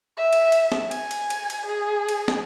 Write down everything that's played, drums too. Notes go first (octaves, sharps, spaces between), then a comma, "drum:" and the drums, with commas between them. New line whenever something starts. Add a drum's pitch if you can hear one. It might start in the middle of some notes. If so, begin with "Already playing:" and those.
E5
drum: cymbal
drum: cymbal
drum: snare
G#5, drum: cymbal
drum: cymbal
drum: cymbal
drum: cymbal
G#4
drum: cymbal
drum: snare